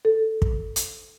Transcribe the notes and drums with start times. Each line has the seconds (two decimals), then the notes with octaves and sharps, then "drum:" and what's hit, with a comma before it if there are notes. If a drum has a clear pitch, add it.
0.05 A4
0.42 drum: kick
0.76 drum: hi-hat